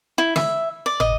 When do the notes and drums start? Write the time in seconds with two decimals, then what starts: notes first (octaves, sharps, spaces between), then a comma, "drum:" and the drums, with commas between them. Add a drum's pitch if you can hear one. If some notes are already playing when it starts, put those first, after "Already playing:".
0.18 E4
0.36 E5, drum: snare
0.86 D5
1.00 D#5, drum: tom